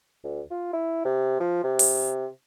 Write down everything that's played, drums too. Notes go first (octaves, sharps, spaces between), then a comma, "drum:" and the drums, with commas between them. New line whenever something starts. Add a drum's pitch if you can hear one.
D2
F4
E4
C3
F3
C3
drum: open hi-hat